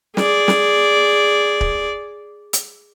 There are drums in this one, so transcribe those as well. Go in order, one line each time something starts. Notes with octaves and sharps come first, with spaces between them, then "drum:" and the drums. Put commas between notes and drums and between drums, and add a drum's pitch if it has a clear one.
G#4 D5, drum: snare
drum: snare
drum: kick
drum: hi-hat